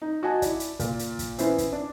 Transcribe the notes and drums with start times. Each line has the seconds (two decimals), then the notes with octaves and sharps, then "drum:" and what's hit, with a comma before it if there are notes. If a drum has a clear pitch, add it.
0.02 D#4
0.23 F#4 D#5 F#5 G#5 A5
0.42 E4 D5, drum: kick, hi-hat
0.60 drum: hi-hat
0.79 A#2, drum: kick, hi-hat
0.99 drum: hi-hat
1.19 drum: kick, hi-hat
1.38 E3 B3 C#4 E4 C5 E5, drum: hi-hat
1.58 drum: kick, hi-hat
1.73 D4